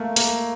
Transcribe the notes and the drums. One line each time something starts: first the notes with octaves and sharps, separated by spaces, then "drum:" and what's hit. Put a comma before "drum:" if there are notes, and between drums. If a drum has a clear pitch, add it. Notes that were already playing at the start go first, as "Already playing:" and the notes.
Already playing: A3 A#3
A#3, drum: hi-hat